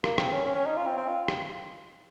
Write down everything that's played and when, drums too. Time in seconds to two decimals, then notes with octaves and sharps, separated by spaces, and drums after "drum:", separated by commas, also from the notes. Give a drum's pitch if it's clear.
0.04 A#3, drum: rim click
0.18 C4, drum: rim click
0.32 C#4
0.45 C#4
0.55 C#4
0.66 D#4
0.77 F4
0.86 C4
0.97 C4
1.08 F4
1.28 drum: rim click